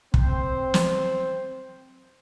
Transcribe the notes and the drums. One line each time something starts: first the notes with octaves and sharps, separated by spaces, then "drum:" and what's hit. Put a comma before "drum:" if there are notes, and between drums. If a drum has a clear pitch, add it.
C4 C5, drum: kick
drum: snare